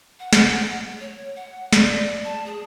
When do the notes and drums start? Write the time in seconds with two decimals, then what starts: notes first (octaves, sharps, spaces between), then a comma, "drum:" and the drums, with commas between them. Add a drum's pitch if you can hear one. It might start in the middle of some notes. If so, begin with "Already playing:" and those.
0.19 F#5
0.33 drum: snare
1.00 C#5
1.36 F#5
1.73 D5, drum: snare
2.24 A5
2.46 G#4